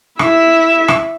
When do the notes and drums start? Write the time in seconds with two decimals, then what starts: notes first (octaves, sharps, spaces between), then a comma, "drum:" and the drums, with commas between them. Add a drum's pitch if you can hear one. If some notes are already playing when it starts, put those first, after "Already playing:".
0.19 E4 E5, drum: rim click
0.88 drum: rim click